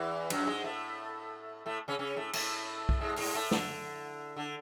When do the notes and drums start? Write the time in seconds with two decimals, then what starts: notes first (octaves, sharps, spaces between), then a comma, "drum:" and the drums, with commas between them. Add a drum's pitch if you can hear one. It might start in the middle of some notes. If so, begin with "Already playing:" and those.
Already playing: E2 E3
0.30 F#2 F#3, drum: cymbal
0.47 G#2 G#3
0.64 A2 A3
1.66 A2 A3
1.88 C#3 C#4
1.99 C#3 C#4
2.16 A2 A3
2.33 A2 A3, drum: cymbal
2.89 drum: kick B1
3.01 G#2 G#3
3.17 G#2 G#3, drum: open hi-hat
3.35 A2 A3
3.51 D3, drum: snare
4.37 D3